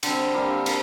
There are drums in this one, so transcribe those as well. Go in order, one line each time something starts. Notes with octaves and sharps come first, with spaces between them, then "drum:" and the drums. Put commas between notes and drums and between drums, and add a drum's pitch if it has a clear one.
D3 G3 C4, drum: cymbal
G3 A#3 F4
F3 A#3, drum: cymbal